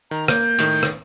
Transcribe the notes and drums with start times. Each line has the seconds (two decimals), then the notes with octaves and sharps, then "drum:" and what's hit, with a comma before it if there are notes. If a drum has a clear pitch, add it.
0.11 D#3 A#5
0.28 A#3 G6, drum: rim click
0.59 A2 D#3, drum: hi-hat
0.83 drum: rim click